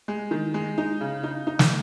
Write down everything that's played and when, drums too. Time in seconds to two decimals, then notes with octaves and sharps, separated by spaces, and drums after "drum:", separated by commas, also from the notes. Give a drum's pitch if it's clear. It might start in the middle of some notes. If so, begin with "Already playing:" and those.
0.08 G#3
0.31 D#3
0.54 G#3
0.78 D#4
1.01 C#3
1.23 D#4
1.47 D#4
1.59 drum: snare